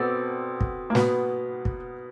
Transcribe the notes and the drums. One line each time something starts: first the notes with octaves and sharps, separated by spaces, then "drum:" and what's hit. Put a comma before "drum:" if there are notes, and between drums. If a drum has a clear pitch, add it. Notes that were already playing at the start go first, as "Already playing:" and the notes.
Already playing: B2 B3 C4 A4 D5
drum: kick
A#3
B2 B3, drum: snare
drum: kick